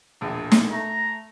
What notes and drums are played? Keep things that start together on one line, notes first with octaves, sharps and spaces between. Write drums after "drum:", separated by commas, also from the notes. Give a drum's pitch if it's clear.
E1 A#1 D4
drum: snare
A3 A#5